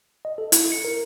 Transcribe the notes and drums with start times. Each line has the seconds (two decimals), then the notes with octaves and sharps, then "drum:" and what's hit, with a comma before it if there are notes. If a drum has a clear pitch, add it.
0.25 D#5
0.38 A4
0.52 E4, drum: hi-hat
0.72 C#7
0.85 A#4